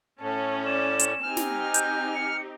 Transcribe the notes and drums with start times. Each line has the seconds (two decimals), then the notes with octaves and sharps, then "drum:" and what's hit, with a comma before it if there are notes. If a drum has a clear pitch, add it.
0.21 A2 C#4 A4
0.66 D5 E7
0.99 drum: hi-hat
1.23 C4 D#4 G4 G#5 F6
1.37 drum: snare
1.74 G6, drum: hi-hat
2.15 C#7